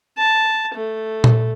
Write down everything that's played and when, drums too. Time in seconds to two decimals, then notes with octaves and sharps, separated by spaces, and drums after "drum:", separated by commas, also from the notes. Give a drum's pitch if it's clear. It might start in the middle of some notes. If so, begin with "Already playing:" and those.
0.18 A5
0.74 A3
1.24 drum: tom A#2